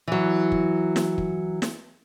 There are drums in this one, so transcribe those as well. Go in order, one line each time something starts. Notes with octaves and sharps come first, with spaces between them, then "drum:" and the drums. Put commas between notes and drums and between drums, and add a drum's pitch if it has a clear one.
E3 F#3
drum: kick
drum: snare
drum: kick
drum: snare